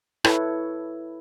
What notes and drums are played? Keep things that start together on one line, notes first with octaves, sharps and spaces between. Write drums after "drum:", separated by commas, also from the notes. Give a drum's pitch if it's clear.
E4 A4 B4 C#5, drum: rim click